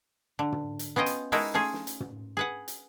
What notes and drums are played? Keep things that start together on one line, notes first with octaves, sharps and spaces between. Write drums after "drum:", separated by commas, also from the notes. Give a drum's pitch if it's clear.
D3
drum: tom
drum: hi-hat
B3 C#4 F4 D#5 G5
drum: hi-hat
G#3 D#4 E4 F#4 A4 A#4, drum: open hi-hat
A3 C#4 F4 G#4
drum: snare
drum: hi-hat
drum: tom
G#4 B4 F#5
drum: hi-hat